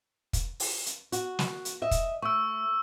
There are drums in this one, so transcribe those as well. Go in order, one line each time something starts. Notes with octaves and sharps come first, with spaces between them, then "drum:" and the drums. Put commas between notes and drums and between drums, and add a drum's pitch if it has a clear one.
drum: kick, hi-hat
drum: open hi-hat
drum: hi-hat
F#4, drum: hi-hat
drum: snare
drum: hi-hat
D#5 E5
drum: kick, hi-hat
A3 C#6 E6